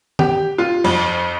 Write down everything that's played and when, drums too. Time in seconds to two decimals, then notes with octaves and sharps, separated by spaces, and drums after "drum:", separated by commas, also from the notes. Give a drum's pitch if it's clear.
0.19 G4, drum: tom
0.58 F4
0.84 F2, drum: cymbal